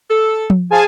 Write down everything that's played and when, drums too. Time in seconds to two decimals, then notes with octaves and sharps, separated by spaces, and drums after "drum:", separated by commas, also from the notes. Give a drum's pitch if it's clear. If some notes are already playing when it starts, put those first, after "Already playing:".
0.09 A4
0.50 drum: tom F3
0.70 F3 G#4 F5 G#5 A5